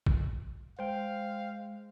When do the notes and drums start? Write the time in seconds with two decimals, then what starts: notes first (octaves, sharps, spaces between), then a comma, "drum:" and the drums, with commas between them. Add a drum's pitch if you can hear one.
0.06 drum: kick
0.79 G#3 C5 F5 G5